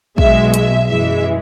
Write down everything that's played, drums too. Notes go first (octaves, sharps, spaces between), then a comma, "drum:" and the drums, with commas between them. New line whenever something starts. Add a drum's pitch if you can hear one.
B1 B2 G#3 E5, drum: kick
E5, drum: hi-hat
F#2 E3 G#3 E5